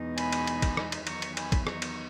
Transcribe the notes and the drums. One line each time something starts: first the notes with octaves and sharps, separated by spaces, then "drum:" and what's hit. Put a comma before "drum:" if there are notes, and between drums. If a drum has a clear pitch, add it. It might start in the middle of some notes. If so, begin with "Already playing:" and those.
Already playing: E2 B2 G#3 B3 D#4
G#5 B5, drum: cymbal
drum: cymbal
drum: cymbal
drum: kick, cymbal
drum: rim click
drum: cymbal
E2 D#3 F#3 B3 D#4 A#5 C#6, drum: cymbal
drum: cymbal
G#5 B5, drum: cymbal
drum: kick, cymbal
A#5 C#6, drum: rim click
drum: cymbal